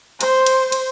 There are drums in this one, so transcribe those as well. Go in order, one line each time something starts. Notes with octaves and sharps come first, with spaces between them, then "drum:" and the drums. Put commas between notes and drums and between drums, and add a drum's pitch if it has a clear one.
C5, drum: cymbal
drum: cymbal
drum: cymbal